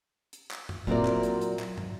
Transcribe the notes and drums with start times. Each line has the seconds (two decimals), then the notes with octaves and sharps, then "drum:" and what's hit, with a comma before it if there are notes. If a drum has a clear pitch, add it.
0.33 drum: hi-hat
0.51 drum: clap
0.69 drum: tom F#2
0.87 A#2 F#3 C4 E4 A#4 D5, drum: kick
1.05 drum: clap
1.23 drum: hi-hat
1.41 drum: hi-hat
1.60 drum: clap
1.78 drum: tom